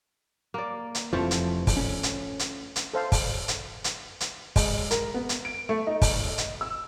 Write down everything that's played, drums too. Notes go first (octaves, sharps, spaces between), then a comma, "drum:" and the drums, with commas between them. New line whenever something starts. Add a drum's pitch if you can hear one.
A#3 D5
drum: hi-hat
F1 F2 E3 F3 A3
drum: hi-hat
drum: kick, open hi-hat
C#4
drum: hi-hat
drum: hi-hat
drum: hi-hat
A4 C5 F5
drum: kick, open hi-hat
drum: hi-hat
drum: hi-hat
drum: hi-hat
G#3, drum: kick, open hi-hat
A#4, drum: hi-hat
B3
drum: hi-hat
D7
A3
D#4
drum: kick, open hi-hat
drum: hi-hat
E6